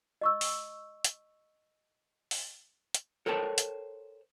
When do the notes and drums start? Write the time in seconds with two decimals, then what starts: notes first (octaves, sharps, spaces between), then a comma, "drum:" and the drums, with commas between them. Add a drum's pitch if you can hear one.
0.21 D#5 C#6 E6
0.41 drum: open hi-hat
1.04 drum: hi-hat
2.31 drum: open hi-hat
2.94 drum: hi-hat
3.26 A4 A#4 C5 C#5 G5 A5
3.58 drum: hi-hat